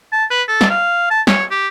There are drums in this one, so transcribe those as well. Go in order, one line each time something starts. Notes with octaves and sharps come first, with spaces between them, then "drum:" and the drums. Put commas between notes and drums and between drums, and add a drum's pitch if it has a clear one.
A5
B4
A4
drum: snare
F5
A5
C#5, drum: snare
G4